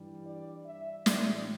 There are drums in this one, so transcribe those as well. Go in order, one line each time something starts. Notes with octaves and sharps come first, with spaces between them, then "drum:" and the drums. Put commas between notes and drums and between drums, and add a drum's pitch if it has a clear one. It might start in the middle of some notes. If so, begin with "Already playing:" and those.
Already playing: G2 E3 G3
D5
E5
A2 E3 G3 D5, drum: snare